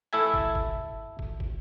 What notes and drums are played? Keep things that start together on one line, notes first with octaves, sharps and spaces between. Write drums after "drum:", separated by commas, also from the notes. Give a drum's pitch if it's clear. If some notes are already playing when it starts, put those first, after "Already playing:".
E4 A4 E5 G#5
drum: kick
drum: kick
drum: kick
drum: kick